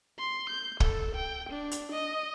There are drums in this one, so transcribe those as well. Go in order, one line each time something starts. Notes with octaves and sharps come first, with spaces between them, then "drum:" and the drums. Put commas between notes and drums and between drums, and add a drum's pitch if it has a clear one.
C6
G6
A4, drum: kick
G5
D4
drum: hi-hat
D#5